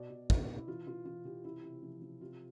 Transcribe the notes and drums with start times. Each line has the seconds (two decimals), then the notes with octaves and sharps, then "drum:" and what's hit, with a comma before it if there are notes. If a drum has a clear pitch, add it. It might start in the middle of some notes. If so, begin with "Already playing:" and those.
Already playing: B2 D5
0.10 B2
0.30 B2, drum: kick
0.49 B2
0.57 E4
0.67 E3 F4
0.86 E3 F4
1.05 E3 F4
1.25 E3 G4
1.44 C3 E4
1.63 C3
1.83 F3
2.02 F3
2.21 C3 F4